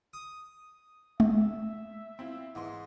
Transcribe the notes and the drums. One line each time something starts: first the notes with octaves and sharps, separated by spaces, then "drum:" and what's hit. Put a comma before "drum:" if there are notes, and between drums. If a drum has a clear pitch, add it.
D#6
E5, drum: tom G#3
C4 E4 F4
G#2 E3 C6